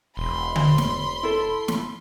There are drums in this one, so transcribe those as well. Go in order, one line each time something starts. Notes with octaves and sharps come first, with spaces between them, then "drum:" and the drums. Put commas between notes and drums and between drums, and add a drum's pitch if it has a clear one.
E1 B5 C6
drum: tom D3
drum: snare
E4 A4
drum: snare